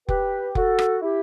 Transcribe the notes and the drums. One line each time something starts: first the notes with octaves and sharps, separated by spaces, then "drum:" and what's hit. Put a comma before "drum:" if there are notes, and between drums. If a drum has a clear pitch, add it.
G4 B4, drum: kick F1
F#4 A4, drum: kick F1
drum: rim click
E4 G4